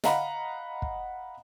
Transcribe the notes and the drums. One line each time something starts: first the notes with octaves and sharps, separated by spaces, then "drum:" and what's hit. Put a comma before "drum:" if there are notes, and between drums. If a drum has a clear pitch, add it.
D#5 F5 F#5 A#5 B5, drum: snare
drum: kick